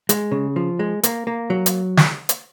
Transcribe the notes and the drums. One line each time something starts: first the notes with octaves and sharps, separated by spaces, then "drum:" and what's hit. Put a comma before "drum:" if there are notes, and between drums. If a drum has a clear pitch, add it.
G#3, drum: hi-hat
C#3
F3
G#3
A#3, drum: hi-hat
A#3
F#3
drum: hi-hat
drum: snare
drum: hi-hat